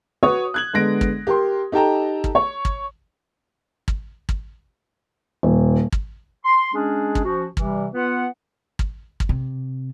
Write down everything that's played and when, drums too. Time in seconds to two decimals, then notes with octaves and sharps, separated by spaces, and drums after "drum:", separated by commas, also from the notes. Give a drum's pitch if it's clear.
0.23 F#4 B4 C#5 D#6
0.54 F#6 G#6 F#7
0.73 D3 G#3 B3 A#6 D7
1.01 drum: kick
1.27 G4 A#4 C6
1.72 D#4 G4 A4 G5 A5 A#5
2.24 drum: kick
2.35 C#5
2.65 drum: kick
3.88 drum: kick
4.29 drum: kick
5.43 D#1
5.92 drum: kick
6.45 C6
6.74 G#3 C#4 D4 G#4
7.15 drum: kick
7.25 F3 C#4 F#4
7.57 C3 E3 G3, drum: kick
7.93 B3 F4 B4 F#5
8.79 drum: kick
9.20 drum: kick
9.29 C3